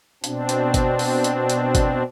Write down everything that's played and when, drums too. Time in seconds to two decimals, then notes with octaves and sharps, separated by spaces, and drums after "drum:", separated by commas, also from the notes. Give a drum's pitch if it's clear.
0.24 B2 C4 D4, drum: hi-hat
0.49 drum: hi-hat
0.74 drum: kick G1, hi-hat
0.99 drum: open hi-hat
1.24 drum: hi-hat
1.50 drum: hi-hat
1.75 drum: kick G1, hi-hat